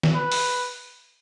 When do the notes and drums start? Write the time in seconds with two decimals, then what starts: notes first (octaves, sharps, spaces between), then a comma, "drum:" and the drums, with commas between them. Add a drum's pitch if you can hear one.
0.03 drum: snare
0.15 B4
0.32 drum: open hi-hat